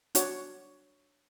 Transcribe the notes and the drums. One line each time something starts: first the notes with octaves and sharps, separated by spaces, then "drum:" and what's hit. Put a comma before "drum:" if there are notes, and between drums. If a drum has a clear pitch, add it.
D4 F#4 C#5, drum: hi-hat